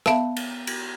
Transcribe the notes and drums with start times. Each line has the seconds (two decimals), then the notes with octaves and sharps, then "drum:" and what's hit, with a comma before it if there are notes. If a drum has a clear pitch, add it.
0.06 B3 E5 F5 A5, drum: rim click
0.37 drum: cymbal
0.67 drum: cymbal